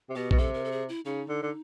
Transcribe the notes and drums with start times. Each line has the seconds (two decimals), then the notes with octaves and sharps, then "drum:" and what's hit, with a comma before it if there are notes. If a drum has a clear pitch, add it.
0.10 C3
0.15 B2 G4
0.31 B2, drum: kick
0.38 C3 A4
0.54 A#4
0.65 A4
0.72 G#4
0.89 E4
1.05 C#3 D#4
1.28 D3
1.42 D3